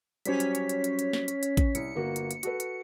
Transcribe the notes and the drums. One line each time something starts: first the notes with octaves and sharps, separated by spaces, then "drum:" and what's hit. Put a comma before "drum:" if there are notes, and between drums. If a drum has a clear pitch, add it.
F#3 G3 C#4 C5 C#5 B6, drum: hi-hat
drum: hi-hat
drum: hi-hat
drum: hi-hat
drum: hi-hat
drum: hi-hat
drum: snare
drum: hi-hat
drum: hi-hat
drum: kick A1, hi-hat
C2 C#7, drum: hi-hat
G1 A#3 F#4
drum: hi-hat
drum: hi-hat
F#4 A4 B4, drum: hi-hat
drum: hi-hat